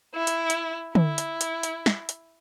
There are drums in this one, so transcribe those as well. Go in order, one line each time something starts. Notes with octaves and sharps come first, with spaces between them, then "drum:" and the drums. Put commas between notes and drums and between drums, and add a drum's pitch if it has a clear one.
E4
drum: hi-hat
drum: hi-hat
E4, drum: tom
drum: hi-hat
drum: hi-hat
drum: hi-hat
drum: snare
drum: hi-hat